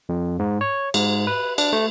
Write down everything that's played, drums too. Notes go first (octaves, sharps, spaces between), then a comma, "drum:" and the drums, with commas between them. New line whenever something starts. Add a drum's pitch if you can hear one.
F2
G#2
C#5
G#2, drum: cymbal
B4
D4, drum: cymbal
A3